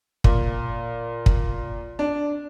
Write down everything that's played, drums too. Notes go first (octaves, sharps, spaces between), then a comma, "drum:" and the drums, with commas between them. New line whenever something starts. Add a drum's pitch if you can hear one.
A#2, drum: kick
drum: kick
D4